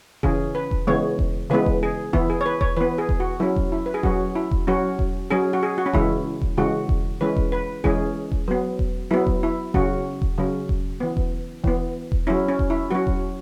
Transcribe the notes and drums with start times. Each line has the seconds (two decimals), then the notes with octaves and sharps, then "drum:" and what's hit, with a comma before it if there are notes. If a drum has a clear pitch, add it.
0.23 C#3 E3 C#4 G#4, drum: kick E1
0.55 B4
0.71 drum: kick E1
0.87 C#3 E3 G#3 B3 C#5
1.19 drum: kick E1
1.50 C#3 E3 G#3 B3 B4
1.66 drum: kick E1
1.83 G#4
2.13 E3 B3 E4, drum: kick E1
2.30 G#4
2.41 C#5
2.46 B4
2.61 C#5, drum: kick E1
2.77 E3 B3 B4
2.98 G#4
3.09 drum: kick E1
3.20 F#4
3.40 F#3 C#4 E4
3.56 drum: kick E1
3.72 E4
3.86 B4
3.94 G#4
4.03 F#3 C#4 F#4, drum: kick E1
4.36 E4
4.51 drum: kick E1
4.67 F#3 C#4 F#4
4.99 drum: kick E1
5.31 F#3 C#4 G#4
5.53 F#4
5.63 G#4
5.78 F#4
5.86 C#4
5.93 C#3 E3 G#3 E4, drum: kick E1
6.41 drum: kick E1
6.57 C#3 E3 G#3 F#4
6.89 drum: kick E1
7.21 E3 G#3 C#4 B4
7.37 drum: kick E1
7.52 B4
7.84 E3 G#3 C#4 G#4, drum: kick E1
8.32 drum: kick E1
8.48 F#3 B3
8.79 drum: kick E1
9.11 F#3 B3 E4
9.27 drum: kick E1
9.43 E4
9.74 C#3 F#3 C#4 F#4, drum: kick E1
10.22 drum: kick E1
10.38 C#3 F#3 C#4
10.69 drum: kick E1
11.00 E3 B3
11.17 drum: kick E1
11.64 E3 B3, drum: kick E1
12.12 drum: kick E1
12.27 F#3 C#4 E4
12.48 C#4
12.59 drum: kick E1
12.70 E4
12.91 F#3 C#4 F#4
13.07 drum: kick E1